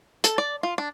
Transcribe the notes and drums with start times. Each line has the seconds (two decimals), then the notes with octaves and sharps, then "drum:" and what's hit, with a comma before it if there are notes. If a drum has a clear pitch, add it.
0.24 A4, drum: hi-hat
0.38 D5
0.63 F4
0.78 D4